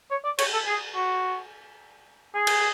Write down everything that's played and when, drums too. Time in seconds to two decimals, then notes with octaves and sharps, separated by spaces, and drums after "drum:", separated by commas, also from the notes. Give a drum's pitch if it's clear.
0.11 C#5
0.24 D5
0.39 C#5, drum: cymbal
0.53 A4
0.66 G#4
0.95 F#4
2.35 G#4
2.47 drum: cymbal